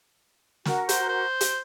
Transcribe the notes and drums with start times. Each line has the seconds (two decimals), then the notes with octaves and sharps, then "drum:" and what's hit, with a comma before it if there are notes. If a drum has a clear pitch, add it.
0.65 F#4 A#4, drum: snare
0.89 C5, drum: hi-hat
1.09 C5
1.41 drum: hi-hat